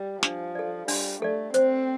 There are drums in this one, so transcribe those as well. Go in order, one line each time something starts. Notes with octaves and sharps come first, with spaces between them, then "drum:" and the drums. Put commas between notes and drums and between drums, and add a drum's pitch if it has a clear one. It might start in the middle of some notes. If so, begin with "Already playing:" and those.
Already playing: G3
F3 D4, drum: snare
A4 D5
G3 D4, drum: open hi-hat
A3 A4 D5
C4 C5, drum: hi-hat